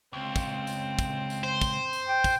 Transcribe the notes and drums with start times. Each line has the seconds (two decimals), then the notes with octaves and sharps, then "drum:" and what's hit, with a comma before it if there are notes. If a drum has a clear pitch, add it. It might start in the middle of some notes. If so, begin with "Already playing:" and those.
0.13 C#2 C4
0.36 drum: kick, tambourine
0.67 drum: tambourine
0.99 drum: kick, tambourine
1.30 drum: tambourine
1.43 C5
1.61 drum: kick, tambourine
1.93 drum: tambourine
2.09 G5
2.24 drum: kick, tambourine